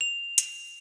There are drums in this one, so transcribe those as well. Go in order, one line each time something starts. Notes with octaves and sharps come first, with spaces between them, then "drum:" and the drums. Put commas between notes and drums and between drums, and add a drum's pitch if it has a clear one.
F7
drum: hi-hat